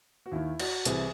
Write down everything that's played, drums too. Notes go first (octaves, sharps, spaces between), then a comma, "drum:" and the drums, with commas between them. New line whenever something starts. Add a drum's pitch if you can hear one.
F#4
D#2 D#3 E4
F#4, drum: cymbal
C2 C3 E3 G#4, drum: hi-hat